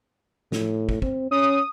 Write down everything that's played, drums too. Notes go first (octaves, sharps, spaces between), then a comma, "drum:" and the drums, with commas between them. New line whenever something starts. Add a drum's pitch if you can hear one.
A2, drum: snare
drum: kick
C4, drum: kick
C#4 D#6